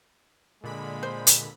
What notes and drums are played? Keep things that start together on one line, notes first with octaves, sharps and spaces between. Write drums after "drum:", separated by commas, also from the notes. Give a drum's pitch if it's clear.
A#2 D3 G#3 B5
C5
drum: hi-hat